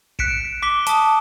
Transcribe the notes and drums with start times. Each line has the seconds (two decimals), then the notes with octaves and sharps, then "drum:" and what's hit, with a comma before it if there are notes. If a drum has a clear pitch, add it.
0.19 F#6 B6 C#7 D7 E7, drum: kick
0.62 D6 B6 G7
0.87 A5 D#6, drum: hi-hat